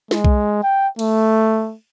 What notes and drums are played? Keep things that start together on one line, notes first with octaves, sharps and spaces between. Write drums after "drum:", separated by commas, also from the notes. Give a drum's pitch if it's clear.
G#3, drum: snare
drum: kick B1
G5
A3, drum: cymbal